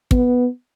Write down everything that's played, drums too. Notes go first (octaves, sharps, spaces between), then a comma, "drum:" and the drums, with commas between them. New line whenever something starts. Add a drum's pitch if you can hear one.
B3, drum: kick